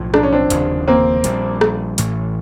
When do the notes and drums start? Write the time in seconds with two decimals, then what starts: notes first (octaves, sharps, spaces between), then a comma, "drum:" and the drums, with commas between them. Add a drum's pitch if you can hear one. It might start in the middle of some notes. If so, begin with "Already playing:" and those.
Already playing: B1 A2 F3
0.14 D4, drum: rim click
0.23 C#4
0.33 C4 D4
0.50 F1 D#2 C#3 F3, drum: hi-hat
0.88 A#3 C4
1.24 A#1 A#2 G3, drum: hi-hat
1.61 drum: rim click
1.98 A1 A2 E3 A3, drum: hi-hat